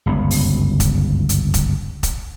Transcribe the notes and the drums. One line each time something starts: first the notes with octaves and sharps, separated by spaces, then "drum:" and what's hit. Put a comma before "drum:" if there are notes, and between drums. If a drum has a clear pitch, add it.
G1 C#2 F#2 B3
drum: open hi-hat
drum: kick, hi-hat
drum: hi-hat
drum: kick, hi-hat
drum: kick, hi-hat